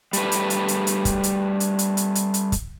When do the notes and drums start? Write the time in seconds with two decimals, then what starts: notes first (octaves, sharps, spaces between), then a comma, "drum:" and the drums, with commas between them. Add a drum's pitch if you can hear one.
0.13 G3 A3 B4, drum: hi-hat
0.32 drum: hi-hat
0.50 drum: hi-hat
0.68 drum: hi-hat
0.87 drum: hi-hat
1.05 drum: kick, hi-hat
1.23 drum: hi-hat
1.60 drum: hi-hat
1.79 drum: hi-hat
1.97 drum: hi-hat
2.15 drum: hi-hat
2.34 drum: hi-hat
2.52 drum: kick, hi-hat